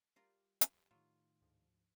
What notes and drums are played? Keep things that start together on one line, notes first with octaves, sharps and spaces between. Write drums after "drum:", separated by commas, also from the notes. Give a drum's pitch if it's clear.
G3 F4 G4 A#4 D5
drum: hi-hat
A2 D#3 F#3 F4
D2 G#2 F3